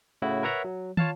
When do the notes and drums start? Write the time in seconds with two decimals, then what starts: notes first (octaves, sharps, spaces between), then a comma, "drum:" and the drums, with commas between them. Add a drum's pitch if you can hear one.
0.22 A2 C#3 E4 F#4
0.43 A#4 B4 C#5 E5 F#5 A#5
0.65 F#3
0.97 F4 C#5 F5 A5, drum: tom